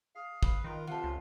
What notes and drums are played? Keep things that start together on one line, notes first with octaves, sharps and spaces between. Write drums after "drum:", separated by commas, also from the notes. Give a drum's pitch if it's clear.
G#4 F5
B4, drum: kick
D#3 F4 A#4
C3 F4 A4 F#5
C#2